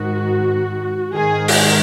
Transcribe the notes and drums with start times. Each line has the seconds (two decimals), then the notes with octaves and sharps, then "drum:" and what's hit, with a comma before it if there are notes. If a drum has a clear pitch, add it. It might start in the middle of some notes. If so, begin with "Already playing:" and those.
Already playing: G#2 D#3 F#4
1.14 G#2 D#3 G#4
1.48 drum: open hi-hat